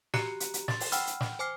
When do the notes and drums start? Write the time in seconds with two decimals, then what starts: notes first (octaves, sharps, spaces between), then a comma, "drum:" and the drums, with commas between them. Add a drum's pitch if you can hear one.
0.14 F#4 G4 A#5 F#6 C#7, drum: snare
0.40 drum: hi-hat
0.54 drum: hi-hat
0.68 C6 A6, drum: snare
0.80 drum: open hi-hat
0.92 F#5 G5 B5 E6 F6, drum: hi-hat
1.07 drum: hi-hat
1.21 drum: snare
1.39 C5 G#5 D6 F6 C7